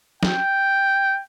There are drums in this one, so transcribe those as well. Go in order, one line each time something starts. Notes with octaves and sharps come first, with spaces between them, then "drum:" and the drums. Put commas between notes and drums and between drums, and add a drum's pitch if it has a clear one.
G5, drum: snare